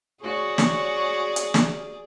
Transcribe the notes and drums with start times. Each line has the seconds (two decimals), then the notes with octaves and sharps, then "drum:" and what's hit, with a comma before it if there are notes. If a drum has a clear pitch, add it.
0.22 F#4 G#4 C#5 D5
0.58 drum: snare
1.36 drum: hi-hat
1.54 drum: snare